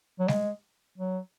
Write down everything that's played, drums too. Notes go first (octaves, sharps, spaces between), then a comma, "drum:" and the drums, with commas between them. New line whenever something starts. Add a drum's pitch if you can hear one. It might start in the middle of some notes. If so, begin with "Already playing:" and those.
F#3
G#3, drum: snare
F#3